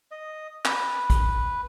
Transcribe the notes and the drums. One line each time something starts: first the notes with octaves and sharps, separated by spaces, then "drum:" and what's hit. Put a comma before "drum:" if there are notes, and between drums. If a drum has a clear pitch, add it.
D#5
B4, drum: clap
drum: kick, hi-hat